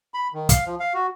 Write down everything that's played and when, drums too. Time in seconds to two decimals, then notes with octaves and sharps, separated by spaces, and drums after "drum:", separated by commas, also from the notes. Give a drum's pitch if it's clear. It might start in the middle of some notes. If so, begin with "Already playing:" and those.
0.14 B5
0.34 D#3
0.49 F5, drum: kick, hi-hat
0.66 F3
0.80 F5
0.94 F#4